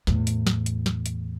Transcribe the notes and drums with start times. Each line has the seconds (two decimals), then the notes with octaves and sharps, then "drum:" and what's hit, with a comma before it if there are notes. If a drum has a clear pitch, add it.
0.07 E2 A2, drum: snare
0.27 drum: hi-hat
0.47 drum: snare
0.66 drum: hi-hat
0.86 drum: snare
1.06 drum: hi-hat